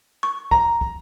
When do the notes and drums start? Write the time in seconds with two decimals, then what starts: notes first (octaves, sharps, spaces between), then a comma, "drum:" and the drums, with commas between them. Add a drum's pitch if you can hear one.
0.23 C#6
0.51 A#5, drum: kick
0.81 drum: kick